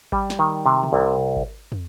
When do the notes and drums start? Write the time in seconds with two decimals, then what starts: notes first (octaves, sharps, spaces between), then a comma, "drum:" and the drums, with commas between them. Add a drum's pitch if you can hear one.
0.12 G3, drum: kick G#1
0.30 drum: snare
0.39 D#3
0.66 C3
0.83 drum: tom C3
0.93 C2
1.36 drum: kick G#1
1.72 drum: tom